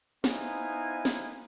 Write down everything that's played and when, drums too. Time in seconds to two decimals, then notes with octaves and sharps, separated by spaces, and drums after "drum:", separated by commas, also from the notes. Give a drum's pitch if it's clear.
0.24 B3 D#4 E4 C5 F5 G#5, drum: snare
1.05 drum: snare